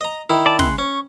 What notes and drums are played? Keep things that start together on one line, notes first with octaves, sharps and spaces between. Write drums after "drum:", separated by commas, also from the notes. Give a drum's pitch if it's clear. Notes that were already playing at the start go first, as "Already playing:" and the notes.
D#5 A#5
D#3 E4
D5 A5
C#3 C6 F#6, drum: snare
C#4 C#6